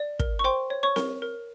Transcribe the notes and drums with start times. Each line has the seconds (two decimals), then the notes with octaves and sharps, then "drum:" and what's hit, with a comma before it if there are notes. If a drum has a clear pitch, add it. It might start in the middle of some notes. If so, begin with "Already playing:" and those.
Already playing: D5
0.19 A#4, drum: kick
0.39 C#6
0.44 C5 G5 C6
0.70 C#5
0.83 C#5 C#6
0.96 A#4, drum: snare C4
1.22 A#4